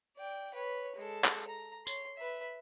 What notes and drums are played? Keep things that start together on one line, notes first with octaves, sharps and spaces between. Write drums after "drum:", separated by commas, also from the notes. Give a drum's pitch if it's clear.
D5 G5
B4 C#5
G#3 A4
drum: clap
A#5
C#5 C6, drum: tambourine
B4 E5